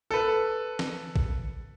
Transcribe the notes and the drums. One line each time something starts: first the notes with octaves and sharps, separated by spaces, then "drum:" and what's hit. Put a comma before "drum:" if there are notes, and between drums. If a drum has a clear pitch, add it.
A4 B4
drum: snare
drum: kick A1